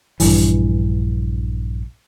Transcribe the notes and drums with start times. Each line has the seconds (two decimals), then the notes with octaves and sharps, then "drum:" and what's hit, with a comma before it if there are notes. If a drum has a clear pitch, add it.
0.20 A#1 G2 E3, drum: open hi-hat